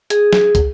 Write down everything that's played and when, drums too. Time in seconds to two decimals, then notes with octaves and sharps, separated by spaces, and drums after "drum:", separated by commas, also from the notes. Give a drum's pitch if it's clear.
0.10 G#4, drum: hi-hat
0.33 drum: snare
0.55 drum: kick, hi-hat